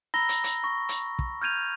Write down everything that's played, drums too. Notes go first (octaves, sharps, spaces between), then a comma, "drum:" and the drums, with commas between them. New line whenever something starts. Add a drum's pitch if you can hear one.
A#5 B5 E6 A#6 G7
drum: hi-hat
drum: hi-hat
C#6 A#6
drum: hi-hat
drum: kick
F6 G6 G#6 D#7 F7